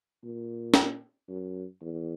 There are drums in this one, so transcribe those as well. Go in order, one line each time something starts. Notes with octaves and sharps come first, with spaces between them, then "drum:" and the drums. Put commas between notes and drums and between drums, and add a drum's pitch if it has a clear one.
A#2
drum: snare
F#2
E2